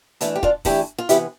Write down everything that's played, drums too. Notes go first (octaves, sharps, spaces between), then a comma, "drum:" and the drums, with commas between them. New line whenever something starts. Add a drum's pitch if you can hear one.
E3 A3 D4 E4, drum: hi-hat
G4
D4 F4, drum: kick
E3 A3 D4 E4 G4, drum: kick, open hi-hat
F4
C3 E3 B3 E4 G4, drum: hi-hat